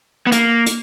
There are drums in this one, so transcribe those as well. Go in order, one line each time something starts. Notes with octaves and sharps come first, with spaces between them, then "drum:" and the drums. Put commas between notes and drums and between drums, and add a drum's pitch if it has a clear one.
B3
A#3, drum: hi-hat
drum: hi-hat